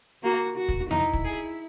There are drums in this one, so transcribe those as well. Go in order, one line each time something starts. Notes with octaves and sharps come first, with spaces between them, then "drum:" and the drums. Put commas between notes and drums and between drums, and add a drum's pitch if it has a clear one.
A#3 F#4
F#4
drum: kick
D#4 E4, drum: tom F2
drum: kick
G#4